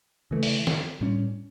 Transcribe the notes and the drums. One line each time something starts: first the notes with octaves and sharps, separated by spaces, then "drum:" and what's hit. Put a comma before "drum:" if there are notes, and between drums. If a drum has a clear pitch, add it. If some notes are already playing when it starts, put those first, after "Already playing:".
C#3 E3 A3
drum: open hi-hat
drum: snare
A2 G3 C#4